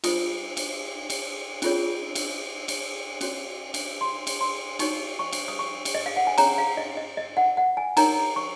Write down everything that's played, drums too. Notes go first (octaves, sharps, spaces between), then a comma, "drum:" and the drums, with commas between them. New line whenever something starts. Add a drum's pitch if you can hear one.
F4 C5 D#6, drum: cymbal
drum: cymbal
drum: cymbal
C#4 F4 G#4 C#5, drum: cymbal
drum: cymbal
drum: cymbal
C#4 F#4 C#5, drum: cymbal
drum: cymbal
C6
drum: cymbal
C6
D#4 F#4 C#5 C#6, drum: cymbal
C#6
drum: cymbal
D#6
C#6
drum: cymbal
D#5
F5
F#5
G#5
C#4 G#4 C#5 A#5, drum: cymbal
F5
D#5
D#5
D#5
F#5
F#5
G#5
D#4 A#4 C#5 A#5, drum: cymbal
C#6